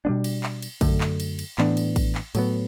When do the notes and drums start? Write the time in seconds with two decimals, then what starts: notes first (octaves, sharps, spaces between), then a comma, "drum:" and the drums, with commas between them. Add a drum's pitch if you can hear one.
0.05 B2 G3 B3 D4
0.24 drum: cymbal
0.43 drum: clap
0.62 drum: cymbal
0.81 F#2 D3 A3, drum: kick A1, cymbal
1.01 drum: clap
1.20 drum: cymbal
1.39 drum: cymbal
1.58 A2 E3 B3 D4, drum: clap
1.77 drum: cymbal
1.96 drum: kick A1, cymbal
2.15 drum: clap
2.35 A2 F#3 B3, drum: cymbal